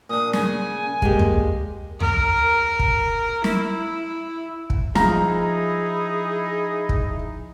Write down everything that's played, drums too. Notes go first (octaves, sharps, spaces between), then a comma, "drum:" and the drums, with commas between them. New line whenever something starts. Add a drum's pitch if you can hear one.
A#2 D4 D#6
C#3 G#5, drum: snare
G#3 A#3 G4, drum: kick
drum: tom
A#4, drum: tom
drum: kick
E4, drum: snare
drum: kick
F3 D#4 E4 G#4 A#5, drum: snare
drum: kick